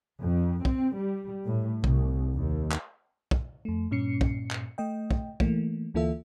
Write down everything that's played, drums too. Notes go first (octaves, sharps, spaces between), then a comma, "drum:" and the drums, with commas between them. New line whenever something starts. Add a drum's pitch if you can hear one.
F2
C4, drum: kick
G3
A2
C2, drum: kick
D#2
drum: clap
drum: kick
F2 A3
G2 A#2 C#4 C7 C#7
drum: kick
drum: clap
A3 D#5 G5
drum: kick
E3 A3 A#3, drum: kick
D2 E3 A#3 F4 A4 E5